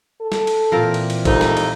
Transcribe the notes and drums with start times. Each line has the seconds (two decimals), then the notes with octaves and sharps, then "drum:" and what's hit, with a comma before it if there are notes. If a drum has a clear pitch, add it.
0.22 A4
0.32 drum: snare
0.47 drum: cymbal
0.72 A#2 E3 C4 F4 A#4
0.94 drum: cymbal
1.10 drum: cymbal
1.25 C2 F2 G#3 D#4, drum: kick G#1, cymbal
1.41 drum: snare
1.57 drum: cymbal